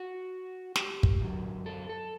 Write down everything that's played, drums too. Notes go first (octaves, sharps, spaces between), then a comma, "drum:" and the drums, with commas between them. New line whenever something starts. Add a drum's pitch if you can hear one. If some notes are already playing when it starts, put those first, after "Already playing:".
Already playing: F#4
G4, drum: snare
drum: kick
F#2 D3 F#3
A4
A4